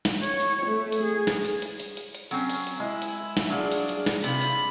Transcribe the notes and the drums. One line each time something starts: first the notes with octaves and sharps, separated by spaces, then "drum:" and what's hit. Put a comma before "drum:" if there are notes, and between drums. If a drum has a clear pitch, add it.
drum: snare
C#5, drum: hi-hat
drum: hi-hat
A3
drum: hi-hat
G#4
drum: snare
drum: hi-hat
drum: hi-hat
drum: hi-hat
drum: hi-hat
drum: hi-hat
F#3 C4 C#4, drum: open hi-hat
drum: open hi-hat
drum: hi-hat
G#3 E4
drum: hi-hat
drum: snare
F#3 D4 F4 G#4
drum: hi-hat
drum: hi-hat
drum: snare
C3 F4 B5, drum: hi-hat
drum: hi-hat